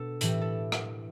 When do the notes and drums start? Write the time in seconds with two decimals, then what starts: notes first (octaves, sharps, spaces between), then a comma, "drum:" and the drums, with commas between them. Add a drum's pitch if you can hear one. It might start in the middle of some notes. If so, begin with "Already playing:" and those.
Already playing: B2 D4 A4
0.21 A2 E3 G4, drum: hi-hat
0.41 A4
0.72 drum: rim click